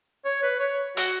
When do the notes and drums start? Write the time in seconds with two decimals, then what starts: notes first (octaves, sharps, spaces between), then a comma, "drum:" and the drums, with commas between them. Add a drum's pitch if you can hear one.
0.25 C#5
0.43 B4
0.60 C#5
0.97 F#4, drum: hi-hat